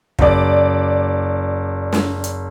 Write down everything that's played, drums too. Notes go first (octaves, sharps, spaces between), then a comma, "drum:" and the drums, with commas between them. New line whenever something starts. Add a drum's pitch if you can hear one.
F#1 D5, drum: kick
drum: snare
drum: hi-hat